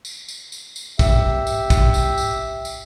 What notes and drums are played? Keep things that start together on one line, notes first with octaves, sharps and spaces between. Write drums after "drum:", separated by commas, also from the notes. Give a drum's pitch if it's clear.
drum: tambourine
drum: tambourine
drum: tambourine
drum: tambourine
G4 E5, drum: kick, tambourine
drum: tambourine
drum: kick, tambourine
drum: tambourine
drum: tambourine
drum: tambourine